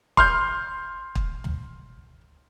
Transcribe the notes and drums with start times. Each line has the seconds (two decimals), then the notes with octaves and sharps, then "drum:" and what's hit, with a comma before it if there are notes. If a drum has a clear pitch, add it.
0.17 C6 F6 G6, drum: kick
1.15 drum: kick
1.44 drum: tom